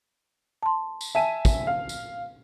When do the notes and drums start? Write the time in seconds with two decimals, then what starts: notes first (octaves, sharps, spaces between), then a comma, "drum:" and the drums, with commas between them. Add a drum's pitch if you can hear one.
0.63 A5 C6
1.01 drum: tambourine
1.15 E5 G#5 A5 D#7
1.45 drum: kick, tambourine
1.67 F5
1.89 drum: tambourine